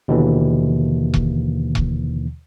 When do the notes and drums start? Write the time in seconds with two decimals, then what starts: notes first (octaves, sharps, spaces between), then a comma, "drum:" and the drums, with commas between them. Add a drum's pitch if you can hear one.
0.08 D#2 B2 D3 E3
1.14 drum: kick E1
1.75 drum: kick E1